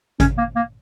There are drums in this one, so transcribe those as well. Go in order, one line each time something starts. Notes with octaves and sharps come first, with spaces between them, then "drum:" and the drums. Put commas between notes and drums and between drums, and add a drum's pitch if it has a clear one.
C#4, drum: kick G#1, hi-hat
A#3
A#3